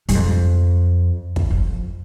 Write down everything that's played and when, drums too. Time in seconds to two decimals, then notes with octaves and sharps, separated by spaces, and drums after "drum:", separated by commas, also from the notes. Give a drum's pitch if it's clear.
0.09 G2, drum: hi-hat
0.15 F2
1.36 drum: kick
1.50 F2